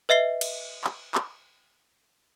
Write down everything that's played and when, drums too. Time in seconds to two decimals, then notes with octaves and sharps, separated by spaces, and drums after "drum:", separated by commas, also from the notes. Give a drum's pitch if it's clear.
0.09 B4 D#5 E5 C7 G7
0.41 drum: cymbal
0.84 drum: clap
1.15 drum: clap